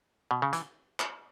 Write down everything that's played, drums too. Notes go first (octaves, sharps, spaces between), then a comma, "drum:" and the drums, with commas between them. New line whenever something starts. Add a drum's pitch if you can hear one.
B2
C#3
E3, drum: hi-hat
drum: clap